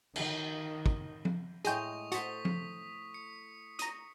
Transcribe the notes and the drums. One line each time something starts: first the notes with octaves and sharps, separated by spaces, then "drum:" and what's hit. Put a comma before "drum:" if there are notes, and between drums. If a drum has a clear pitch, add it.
D#3, drum: cymbal
drum: kick
drum: tom F3
A2 G#3 G#4 D#5 G5 C#6 D#6, drum: hi-hat
F#4 A4 C5 D#6 B6, drum: hi-hat
drum: tom F3
C#7
A#5 D#6, drum: hi-hat